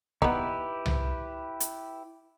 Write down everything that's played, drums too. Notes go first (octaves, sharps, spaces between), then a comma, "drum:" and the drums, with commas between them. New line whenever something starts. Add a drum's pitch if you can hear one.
B3 D#4 E4 G4 B4, drum: kick
drum: tom C2
drum: hi-hat